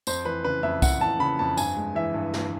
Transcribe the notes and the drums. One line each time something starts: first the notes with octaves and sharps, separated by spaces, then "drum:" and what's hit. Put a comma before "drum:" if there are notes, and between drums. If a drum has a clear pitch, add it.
F2 C5, drum: tambourine
E3 B4
C#3 B4
F2 E5
F2 F#5, drum: kick C2, tambourine
E3 A5
C#3 B5
F2 A5
G2 G#5, drum: tambourine
G#3
E3 E5
G2
G2, drum: snare